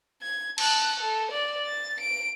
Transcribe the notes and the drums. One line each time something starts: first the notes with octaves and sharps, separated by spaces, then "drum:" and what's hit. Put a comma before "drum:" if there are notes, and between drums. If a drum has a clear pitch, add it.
G#6
A5 F#6, drum: cymbal
A4
D5
A6
D7